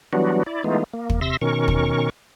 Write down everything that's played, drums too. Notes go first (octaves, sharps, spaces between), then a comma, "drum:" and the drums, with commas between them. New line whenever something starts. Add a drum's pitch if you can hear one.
E3 F#3 G3 B3 D4 F#4
E4 D5
E3 G#3 A3 B3 D#4 F4
A#3
drum: kick
C3 E5 C6 E6 A#6
B2 D#3 C#4 A#4 C#6
drum: kick